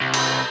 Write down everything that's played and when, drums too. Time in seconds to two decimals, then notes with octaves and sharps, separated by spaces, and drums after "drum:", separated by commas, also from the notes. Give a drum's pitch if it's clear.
0.01 C2
0.13 drum: cymbal